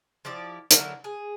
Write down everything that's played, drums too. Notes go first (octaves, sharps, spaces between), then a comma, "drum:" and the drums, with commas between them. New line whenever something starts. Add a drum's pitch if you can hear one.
F3 E4 G4 D5
D3 F#3 E4 A#4, drum: hi-hat
G#4